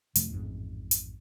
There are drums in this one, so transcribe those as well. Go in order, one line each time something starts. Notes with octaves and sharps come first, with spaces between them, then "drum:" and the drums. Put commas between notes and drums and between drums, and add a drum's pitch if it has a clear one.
F2 C3 F3 A3, drum: hi-hat
A1 F2 G#2
drum: hi-hat